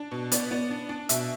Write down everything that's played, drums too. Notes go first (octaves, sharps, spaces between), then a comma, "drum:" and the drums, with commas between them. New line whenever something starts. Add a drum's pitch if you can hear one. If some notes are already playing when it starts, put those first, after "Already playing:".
Already playing: D4
B2
B3 D5, drum: hi-hat
B3
D4
D4
B2 E5, drum: hi-hat